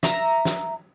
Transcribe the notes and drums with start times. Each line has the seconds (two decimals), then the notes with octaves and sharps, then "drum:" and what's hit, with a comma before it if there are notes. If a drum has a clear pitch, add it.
0.03 E5 A#5, drum: snare
0.45 drum: snare